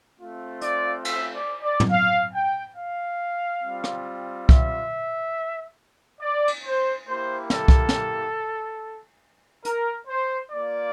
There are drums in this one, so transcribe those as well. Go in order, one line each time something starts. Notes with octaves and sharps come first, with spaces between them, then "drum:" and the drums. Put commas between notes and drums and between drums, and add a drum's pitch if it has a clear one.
A3 C4 F4
D5, drum: hi-hat
E5, drum: cymbal
D5
D5
drum: tom
F5
G5
F5
G3 C4 F4
drum: rim click
E5, drum: kick C2
D5
drum: cymbal
C5
A#3 E4 G4 C5
A4, drum: snare
drum: kick C2
drum: snare
A#4, drum: hi-hat
C5
A#3 F4 D5